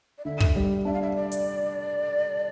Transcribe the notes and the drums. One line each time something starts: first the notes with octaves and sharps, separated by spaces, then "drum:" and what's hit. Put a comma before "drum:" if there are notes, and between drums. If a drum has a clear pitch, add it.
D5
D3 E5
drum: kick
G3
D4 E5
F5
E5
D5
drum: hi-hat